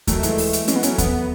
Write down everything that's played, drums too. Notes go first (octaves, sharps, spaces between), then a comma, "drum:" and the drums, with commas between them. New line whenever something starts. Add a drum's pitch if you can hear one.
D#3 F#3 A3, drum: kick D#2, hi-hat
E3 G#3, drum: hi-hat
drum: open hi-hat
drum: hi-hat
E3 G#3 C#4, drum: hi-hat
B3
F#3 A3 C#4, drum: hi-hat
B3, drum: kick D#2, hi-hat